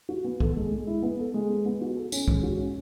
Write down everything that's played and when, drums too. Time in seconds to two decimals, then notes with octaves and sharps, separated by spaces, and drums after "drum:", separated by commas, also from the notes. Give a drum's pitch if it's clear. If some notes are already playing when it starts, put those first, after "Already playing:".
0.09 F#4
0.24 B3
0.40 A4, drum: kick C2
0.56 G#3
0.72 G#3
0.87 E4
1.03 B3
1.19 A4
1.34 G#3
1.50 B3
1.65 B3
1.82 F#4
1.97 A4
2.12 C#4, drum: tambourine
2.28 G#3, drum: kick C2
2.43 F#4
2.59 C#4